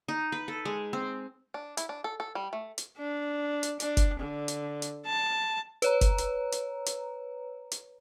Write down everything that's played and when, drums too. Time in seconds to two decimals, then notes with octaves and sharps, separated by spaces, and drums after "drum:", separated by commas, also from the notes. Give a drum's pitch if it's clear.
0.08 D#4
0.32 B4
0.48 A4
0.65 G#3
0.93 C4
1.54 D4
1.77 E4, drum: hi-hat
1.89 D4
2.04 A4
2.20 A4
2.35 G3
2.53 A3
2.78 drum: hi-hat
2.98 D4
3.63 drum: hi-hat
3.80 D4, drum: hi-hat
3.97 drum: kick F#1, hi-hat
4.20 D3
4.48 drum: hi-hat
4.82 drum: hi-hat
5.06 A5
5.82 B4 C#5 A#5, drum: hi-hat
6.01 drum: kick F#1, hi-hat
6.18 drum: hi-hat
6.52 drum: hi-hat
6.86 drum: hi-hat
7.72 drum: hi-hat